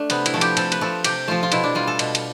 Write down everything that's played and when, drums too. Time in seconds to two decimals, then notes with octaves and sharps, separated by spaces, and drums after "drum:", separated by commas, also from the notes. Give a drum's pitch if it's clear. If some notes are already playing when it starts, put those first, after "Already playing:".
Already playing: A3 D4
0.10 C3 B3, drum: cymbal
0.26 E4, drum: cymbal
0.34 F3 A3
0.41 G4, drum: cymbal
0.57 C3 A4, drum: cymbal
0.72 B4, drum: cymbal
0.81 F3 A3 A4
1.04 C3 G4, drum: cymbal
1.28 F3 A3 F4
1.43 F4
1.52 B2 E4, drum: cymbal
1.63 D4
1.75 G3 F4
1.87 A4
1.99 B2, drum: cymbal
2.15 drum: cymbal